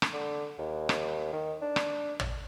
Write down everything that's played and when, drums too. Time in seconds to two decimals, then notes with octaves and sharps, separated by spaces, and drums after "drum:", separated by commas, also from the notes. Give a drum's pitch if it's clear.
0.02 drum: rim click
0.13 D3
0.58 D#2
0.89 drum: rim click
1.33 D#3
1.62 D4
1.76 drum: rim click
2.20 drum: tom